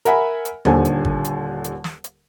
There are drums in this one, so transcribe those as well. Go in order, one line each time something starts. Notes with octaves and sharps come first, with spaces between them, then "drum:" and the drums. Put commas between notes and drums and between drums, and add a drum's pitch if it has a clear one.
A#4 E5 F#5 G#5 B5, drum: hi-hat
drum: hi-hat
D#1 D#2 D3 A4 C5 G#5, drum: tom D#2
drum: hi-hat
drum: kick
drum: hi-hat
drum: hi-hat
drum: snare
drum: hi-hat